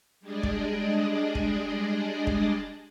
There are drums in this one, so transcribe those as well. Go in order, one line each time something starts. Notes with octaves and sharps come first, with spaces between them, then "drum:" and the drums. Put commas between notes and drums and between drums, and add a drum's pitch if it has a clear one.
G3 G#3 D4 G#4 D5 D#5
drum: kick
drum: kick
drum: kick